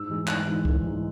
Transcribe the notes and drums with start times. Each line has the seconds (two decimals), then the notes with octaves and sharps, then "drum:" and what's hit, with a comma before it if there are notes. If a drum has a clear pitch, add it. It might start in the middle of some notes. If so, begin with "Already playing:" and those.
Already playing: G#2 E6
0.09 E3 G#3 D#4
0.27 G#2 F#6, drum: clap
0.47 E3 G#3 D#4
0.65 G#2, drum: kick C2
0.85 E3 G#3 D#4